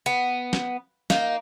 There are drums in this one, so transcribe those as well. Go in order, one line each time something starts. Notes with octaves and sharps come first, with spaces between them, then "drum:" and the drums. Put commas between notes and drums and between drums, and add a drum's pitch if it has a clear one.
B3
drum: snare
A#3 D#4, drum: snare